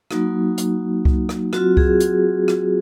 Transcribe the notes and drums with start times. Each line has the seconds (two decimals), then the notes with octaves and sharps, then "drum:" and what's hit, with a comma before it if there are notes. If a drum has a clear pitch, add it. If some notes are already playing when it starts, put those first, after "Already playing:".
0.11 F#3 A#3 D#4 F#4, drum: rim click
0.58 drum: hi-hat
1.05 drum: kick C2
1.29 drum: rim click
1.53 F#3 C4 F4 F#4, drum: rim click
1.77 G#4, drum: kick C2
2.00 drum: hi-hat
2.48 drum: rim click